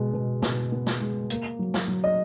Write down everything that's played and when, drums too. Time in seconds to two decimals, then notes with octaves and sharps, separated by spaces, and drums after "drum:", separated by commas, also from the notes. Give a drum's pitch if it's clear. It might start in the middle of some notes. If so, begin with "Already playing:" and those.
Already playing: B2 G#3
0.13 B2
0.42 B2, drum: snare
0.72 B3
0.87 drum: snare
1.01 G#3
1.30 A#3, drum: hi-hat
1.59 F#3
1.74 drum: snare
1.88 F#3
2.04 D#5